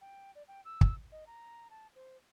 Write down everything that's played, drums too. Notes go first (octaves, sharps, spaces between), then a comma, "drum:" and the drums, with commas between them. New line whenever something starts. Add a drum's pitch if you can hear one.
G5
D5
G5
E6
drum: kick
D#5
A#5
A5
C5